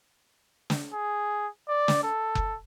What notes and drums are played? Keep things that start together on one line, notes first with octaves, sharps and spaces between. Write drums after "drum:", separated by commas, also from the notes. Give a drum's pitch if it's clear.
drum: snare
G#4
D5
drum: snare
A4
drum: kick F#1